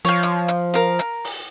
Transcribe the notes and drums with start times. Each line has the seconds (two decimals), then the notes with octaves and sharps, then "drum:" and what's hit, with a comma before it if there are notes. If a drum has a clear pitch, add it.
0.05 F3 C#5 F5
0.23 drum: hi-hat
0.48 drum: hi-hat
0.74 A#4 F5
0.99 drum: hi-hat
1.24 drum: open hi-hat